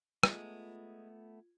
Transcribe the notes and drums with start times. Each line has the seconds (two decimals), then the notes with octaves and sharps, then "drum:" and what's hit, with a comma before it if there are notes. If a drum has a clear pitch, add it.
0.23 G#3 A3 B3 F4, drum: rim click